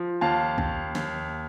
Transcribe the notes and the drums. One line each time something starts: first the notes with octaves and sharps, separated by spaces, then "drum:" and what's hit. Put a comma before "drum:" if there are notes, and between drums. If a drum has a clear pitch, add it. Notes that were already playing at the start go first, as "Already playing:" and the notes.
Already playing: F3
D#2 F5 A5
D#2, drum: kick
D#2, drum: snare